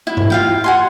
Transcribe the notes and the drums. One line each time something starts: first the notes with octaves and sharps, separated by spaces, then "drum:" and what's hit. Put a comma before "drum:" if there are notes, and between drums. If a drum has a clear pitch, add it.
E4
drum: tom G2
F4 F5 G5
F#5 G#5 C6